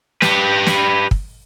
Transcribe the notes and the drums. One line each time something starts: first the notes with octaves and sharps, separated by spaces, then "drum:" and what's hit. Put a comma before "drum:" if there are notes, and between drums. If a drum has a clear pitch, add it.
G4 B4, drum: snare
drum: snare
drum: kick